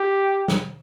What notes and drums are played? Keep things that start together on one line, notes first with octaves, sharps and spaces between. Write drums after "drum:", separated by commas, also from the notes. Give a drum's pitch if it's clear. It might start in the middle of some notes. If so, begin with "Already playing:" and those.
Already playing: G4
drum: snare